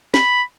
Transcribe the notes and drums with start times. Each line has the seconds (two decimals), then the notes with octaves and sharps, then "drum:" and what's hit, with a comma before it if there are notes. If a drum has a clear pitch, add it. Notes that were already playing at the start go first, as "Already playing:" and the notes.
0.14 B5, drum: snare